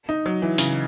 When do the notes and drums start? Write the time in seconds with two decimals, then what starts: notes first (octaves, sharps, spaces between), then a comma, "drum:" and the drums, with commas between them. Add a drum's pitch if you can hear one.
0.09 D#4
0.26 F#3
0.42 E3
0.58 C#3, drum: open hi-hat